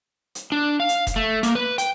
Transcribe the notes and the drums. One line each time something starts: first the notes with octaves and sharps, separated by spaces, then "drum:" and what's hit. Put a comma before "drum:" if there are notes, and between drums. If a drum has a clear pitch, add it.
drum: hi-hat
D4
F5
drum: hi-hat
drum: kick E1, hi-hat
A3
A#3, drum: hi-hat
B4
G5, drum: hi-hat